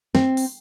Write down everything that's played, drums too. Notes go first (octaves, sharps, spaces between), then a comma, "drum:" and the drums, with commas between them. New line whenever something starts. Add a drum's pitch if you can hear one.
C4, drum: snare
drum: open hi-hat